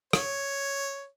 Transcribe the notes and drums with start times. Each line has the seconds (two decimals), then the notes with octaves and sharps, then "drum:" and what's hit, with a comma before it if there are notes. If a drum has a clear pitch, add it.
0.13 C#5, drum: rim click